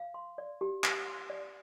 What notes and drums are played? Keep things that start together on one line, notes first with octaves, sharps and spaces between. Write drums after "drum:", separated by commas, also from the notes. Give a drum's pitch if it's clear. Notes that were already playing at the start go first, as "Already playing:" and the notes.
Already playing: F5
C6
D5
G4
F5, drum: clap
C6
D5